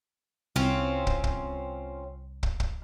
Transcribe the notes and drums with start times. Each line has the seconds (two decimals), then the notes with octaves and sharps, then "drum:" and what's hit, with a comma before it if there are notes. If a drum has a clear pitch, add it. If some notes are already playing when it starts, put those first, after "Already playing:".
0.56 C2 C4 C#4 F4
1.07 drum: kick
1.24 drum: kick
2.43 drum: kick
2.60 drum: kick